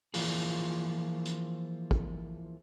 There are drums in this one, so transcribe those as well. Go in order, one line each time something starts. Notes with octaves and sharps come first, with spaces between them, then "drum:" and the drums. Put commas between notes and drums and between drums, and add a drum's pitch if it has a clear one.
E3 F3 A#3 F4 G#4, drum: open hi-hat
drum: hi-hat
drum: kick